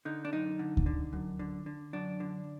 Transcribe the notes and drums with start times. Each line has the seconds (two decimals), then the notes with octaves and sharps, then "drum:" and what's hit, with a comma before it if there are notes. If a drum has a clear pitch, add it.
0.05 D3 D#4
0.25 D4
0.32 F#2 D#4
0.59 D3
0.77 drum: kick D2
0.86 D3
1.13 F#2
1.39 D3
1.66 D3
1.93 F#2 D4
2.20 D3